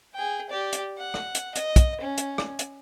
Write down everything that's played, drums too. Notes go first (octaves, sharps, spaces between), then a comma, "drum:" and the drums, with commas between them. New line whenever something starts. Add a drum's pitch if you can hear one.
G#4 G5
G4 D5
drum: hi-hat
F#5
drum: rim click
drum: hi-hat
D#5, drum: hi-hat
drum: kick, hi-hat
C#4
drum: hi-hat
drum: rim click
drum: hi-hat